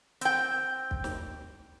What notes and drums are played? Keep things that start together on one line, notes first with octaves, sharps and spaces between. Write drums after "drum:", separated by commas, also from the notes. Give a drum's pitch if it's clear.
C4 G5, drum: hi-hat
drum: kick
drum: snare